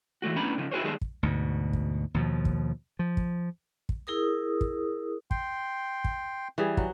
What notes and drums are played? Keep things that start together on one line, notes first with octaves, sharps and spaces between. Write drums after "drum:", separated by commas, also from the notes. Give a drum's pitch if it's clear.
E3 G#3 A3 F#4
A2 B3 C#4 D4 A#5 B5
C#3 F3
E4 F#4 G#4 A#4 C5 C#5
D#3 G3 G#3 B3 G#4 A4
drum: kick
D2 G#2 B2
drum: kick
D#2 B2 F3
drum: kick
F3
drum: kick
drum: kick
E4 G#4 A#4 D#6
drum: kick
G5 C6, drum: kick
drum: kick
E3 G3 G#4
F#3, drum: kick